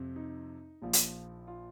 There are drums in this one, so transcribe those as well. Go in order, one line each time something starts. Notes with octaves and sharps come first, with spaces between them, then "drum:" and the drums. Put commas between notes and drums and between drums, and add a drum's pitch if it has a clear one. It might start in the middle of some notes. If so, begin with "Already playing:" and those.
Already playing: F2 C3
D#4
A#1 A#2 F3
drum: hi-hat
F4